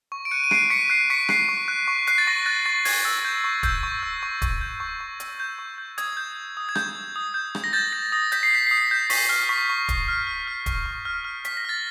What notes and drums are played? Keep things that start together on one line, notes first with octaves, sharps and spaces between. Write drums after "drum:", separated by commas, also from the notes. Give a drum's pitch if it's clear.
C#6
D7
F#6 C#7 D#7
D#7
F#6 C7 D7, drum: rim click
C#6 B6 C#7
F#6 C7
C#6 B6 C#7
F#6 C7, drum: rim click
C#6
F#6
C#6
F#6 C7, drum: hi-hat
A6
C#6 A#6
F#6 A6
C#6 A6
C#6 G#6, drum: open hi-hat
E6
G6
C#6
E6 G6, drum: kick, hi-hat
C#6
E6
C#6
C#6, drum: kick, hi-hat
G6
C#6
C#6
E6, drum: hi-hat
G6
C#6
G6
D#6 G#6, drum: hi-hat
G6
G6
D#6
G#6
G6, drum: rim click
G6
D#6
G6
G6, drum: rim click
A#6
G6 A6
G6 A#6
D#6 A#6
G6 B6, drum: hi-hat
C7
G6 B6
D#6 C7
B6
G6
C#6 B6, drum: open hi-hat
F6 B6
C#6 B6
C#6
C#6, drum: kick, hi-hat
F6
F6
F6
C#6, drum: kick, hi-hat
C#6
F6
F6
C#6 B6, drum: hi-hat
A#6
F6 A6